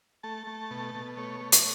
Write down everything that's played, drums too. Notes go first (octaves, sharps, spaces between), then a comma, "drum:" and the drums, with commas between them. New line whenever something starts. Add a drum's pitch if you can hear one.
A3 A5
A3
B2
B2
A3 C#5
A3
drum: hi-hat